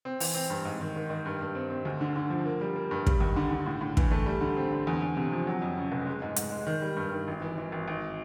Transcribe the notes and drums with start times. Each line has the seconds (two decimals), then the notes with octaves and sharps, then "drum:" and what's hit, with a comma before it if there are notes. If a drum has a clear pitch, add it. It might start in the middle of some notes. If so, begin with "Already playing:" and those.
0.05 C4
0.20 E3, drum: open hi-hat
0.35 C4
0.50 G2
0.65 G#2
0.81 D#3
0.96 D#3
1.10 D#3
1.26 G2
1.41 G2
1.55 C4
1.70 C4
1.85 D2
2.01 D3
2.16 D3
2.30 F3
2.46 A#3
2.61 G3
2.76 A#3
2.91 G2
3.07 G3, drum: kick
3.20 D#2
3.36 D3
3.51 D3
3.66 A2
3.81 A2
3.97 E3, drum: kick
4.12 A3
4.26 G3
4.41 D3
4.57 C4
4.72 D3
4.87 E2
5.02 E2
5.17 C3
5.32 F3
5.47 F#3
5.62 F2
5.77 C#3
5.92 F1
6.06 G#3
6.22 G#2
6.36 G#2, drum: hi-hat
6.52 G#3
6.66 D#3
6.82 G3
6.97 G2
7.12 D#3
7.28 G#1
7.42 E3
7.58 E3
7.72 G#1
7.88 G#1